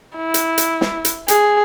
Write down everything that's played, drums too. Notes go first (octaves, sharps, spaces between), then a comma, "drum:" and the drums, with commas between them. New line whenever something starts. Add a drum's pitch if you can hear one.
E4
drum: hi-hat
drum: hi-hat
drum: snare
drum: hi-hat
G#4, drum: hi-hat